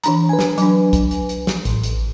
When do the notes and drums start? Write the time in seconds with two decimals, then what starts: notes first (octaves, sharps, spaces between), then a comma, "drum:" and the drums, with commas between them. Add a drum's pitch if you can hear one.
0.04 E3 D4 A#5, drum: hi-hat
0.29 B4 G#5
0.39 drum: snare
0.58 F#3 D4, drum: hi-hat
0.93 drum: kick, hi-hat
1.11 drum: hi-hat
1.29 drum: hi-hat
1.47 drum: snare
1.65 A1, drum: hi-hat
1.83 drum: hi-hat